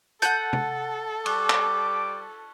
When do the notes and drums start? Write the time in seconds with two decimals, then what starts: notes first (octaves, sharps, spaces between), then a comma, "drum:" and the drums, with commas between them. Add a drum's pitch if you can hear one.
0.22 A4 F#5 A5 G6 A6 C#7, drum: hi-hat
0.53 drum: tom C3
1.26 G3 C#6 D6 F#6, drum: cymbal
1.50 drum: clap